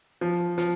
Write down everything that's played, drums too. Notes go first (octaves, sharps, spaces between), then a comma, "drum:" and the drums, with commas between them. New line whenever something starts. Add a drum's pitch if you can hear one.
F3
F3, drum: hi-hat